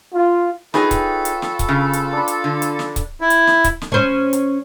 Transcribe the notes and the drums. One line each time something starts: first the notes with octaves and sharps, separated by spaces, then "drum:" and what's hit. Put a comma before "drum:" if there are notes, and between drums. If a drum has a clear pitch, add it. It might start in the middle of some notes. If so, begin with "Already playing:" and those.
F4
D#4 F4 G#4 A4 B4 C#5 G5, drum: snare
drum: kick C#1, hi-hat
drum: hi-hat
drum: snare
drum: kick C#1, hi-hat
C#3
drum: hi-hat
D4 B5
drum: hi-hat
D3
drum: hi-hat
drum: snare
drum: kick C#1, hi-hat
E4
drum: hi-hat
drum: snare
drum: kick C#1, hi-hat
drum: snare
C#4 C5
drum: hi-hat